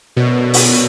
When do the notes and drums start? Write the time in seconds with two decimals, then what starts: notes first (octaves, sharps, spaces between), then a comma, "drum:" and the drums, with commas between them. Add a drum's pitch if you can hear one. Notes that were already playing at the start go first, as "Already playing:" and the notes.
0.16 F#2 B2 D3 F#3 A3
0.54 drum: open hi-hat